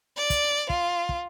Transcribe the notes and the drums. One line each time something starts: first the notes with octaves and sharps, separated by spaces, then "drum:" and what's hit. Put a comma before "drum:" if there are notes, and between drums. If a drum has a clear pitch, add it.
D5
drum: kick, hi-hat
F4, drum: kick
drum: kick